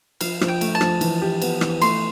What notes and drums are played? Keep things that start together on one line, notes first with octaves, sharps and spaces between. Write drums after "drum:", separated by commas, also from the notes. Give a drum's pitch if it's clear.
F3 F5, drum: cymbal
F3, drum: rim click
G5
A3, drum: cymbal
A5
F3, drum: rim click
E3, drum: cymbal
G4
B3, drum: cymbal
E3, drum: rim click
A3 C6, drum: cymbal